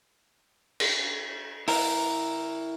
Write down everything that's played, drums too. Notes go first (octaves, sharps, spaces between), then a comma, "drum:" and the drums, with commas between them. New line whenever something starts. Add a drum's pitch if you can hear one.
drum: cymbal
E4 A#4, drum: open hi-hat